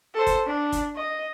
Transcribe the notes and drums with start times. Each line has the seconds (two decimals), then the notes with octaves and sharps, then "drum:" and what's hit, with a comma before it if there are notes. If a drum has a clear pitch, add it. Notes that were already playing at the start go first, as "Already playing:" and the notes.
0.14 A4 C5
0.27 drum: kick, hi-hat
0.46 D4
0.72 drum: kick, hi-hat
0.95 D#5